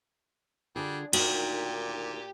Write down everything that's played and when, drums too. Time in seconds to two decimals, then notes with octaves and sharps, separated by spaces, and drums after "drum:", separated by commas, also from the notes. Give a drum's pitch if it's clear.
0.76 D3 G3 D4 F4 G#4
1.13 D2 A#2 D#3 D#4 F#4 G4 G5, drum: cymbal